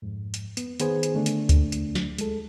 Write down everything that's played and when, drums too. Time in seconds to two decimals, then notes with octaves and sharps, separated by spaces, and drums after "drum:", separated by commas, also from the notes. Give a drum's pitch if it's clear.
0.02 F2 G#2
0.34 drum: hi-hat
0.57 B3, drum: hi-hat
0.80 D#3 B3 G#4 C5 G#5, drum: hi-hat
1.03 drum: hi-hat
1.14 D3 A3 D4
1.26 drum: hi-hat
1.49 drum: kick C#2, hi-hat
1.72 drum: hi-hat
1.95 drum: snare
2.18 G#3 A4, drum: hi-hat